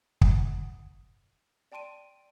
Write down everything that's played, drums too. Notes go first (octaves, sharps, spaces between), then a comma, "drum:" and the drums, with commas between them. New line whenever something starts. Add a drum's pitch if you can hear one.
F#5 D#6, drum: kick
D5 G5 A5 C6 D7 D#7